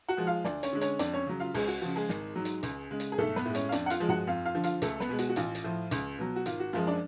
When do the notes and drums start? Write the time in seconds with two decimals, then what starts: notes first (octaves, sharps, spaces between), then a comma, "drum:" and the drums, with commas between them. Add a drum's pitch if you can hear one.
0.08 F#4 F#5
0.17 F3 G#3
0.27 F4 F5
0.44 D2 D4 D5, drum: snare
0.63 C#4 C#5, drum: hi-hat
0.73 D3 G#3
0.81 C#4 C#5, drum: hi-hat
0.99 F2 D4 D5, drum: hi-hat
1.14 C#4 C#5
1.27 C#3 F#3
1.40 F4 F5
1.54 C#2 G#3 G#4, drum: open hi-hat
1.68 F#4
1.81 C#3 F3 F#4
1.95 G#3 G#4
2.09 G#1, drum: snare
2.36 G#2 F#3
2.45 drum: hi-hat
2.63 C#2, drum: hi-hat
2.91 C#3 G#3
3.00 drum: hi-hat
3.12 G#4
3.18 B1 A3 A4, drum: tom G2
3.36 B3 B4, drum: snare
3.45 A2 G#3
3.55 C#4 C#5, drum: hi-hat
3.69 F5
3.72 F2 D4 D5, drum: hi-hat
3.86 F#5
3.90 F4 F5, drum: hi-hat
4.00 F3 G#3
4.09 F#4 F#5, drum: tom G2
4.27 F2 F4 F5
4.45 F4 F5
4.55 D3 F3
4.64 F4 F5, drum: hi-hat
4.82 C#2 A3 A4, drum: hi-hat
5.00 B3 B4, drum: snare
5.09 B2 G#3
5.19 F#4, drum: hi-hat
5.29 F#4
5.36 A1 F4, drum: hi-hat
5.55 drum: hi-hat
5.64 A2 F3
5.91 C#2, drum: hi-hat
6.18 B2 F#3
6.36 F#4
6.46 G#1 F4, drum: hi-hat
6.60 F#4
6.73 F#2 F3 G#3 F4
6.87 D4 D5